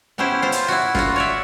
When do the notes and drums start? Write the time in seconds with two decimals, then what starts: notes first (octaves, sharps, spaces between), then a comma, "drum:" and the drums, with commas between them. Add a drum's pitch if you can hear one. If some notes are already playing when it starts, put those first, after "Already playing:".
0.18 B3 C#4 E4 G4 C5
0.42 F4 C5
0.52 drum: hi-hat
0.68 E4 F#4
0.95 F4 F#4, drum: snare
1.16 C#5 D5 E5